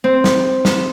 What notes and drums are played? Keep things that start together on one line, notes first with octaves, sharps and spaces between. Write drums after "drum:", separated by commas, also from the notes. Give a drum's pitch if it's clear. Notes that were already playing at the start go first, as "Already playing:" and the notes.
C4
drum: snare
drum: snare